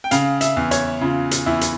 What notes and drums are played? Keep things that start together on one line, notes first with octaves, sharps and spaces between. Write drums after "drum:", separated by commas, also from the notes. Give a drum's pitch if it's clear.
G5
C#3 F5, drum: hi-hat
E5, drum: hi-hat
E2
C#5, drum: hi-hat
C#3 F4
drum: hi-hat
E2 E4
drum: hi-hat